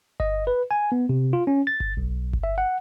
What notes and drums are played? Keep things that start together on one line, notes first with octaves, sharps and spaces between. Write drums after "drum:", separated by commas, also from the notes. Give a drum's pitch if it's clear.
D#5, drum: kick G1
B4
G#5
B3
C3
F4
C#4
A6
drum: kick G1
B1
drum: kick G1
E5
F#5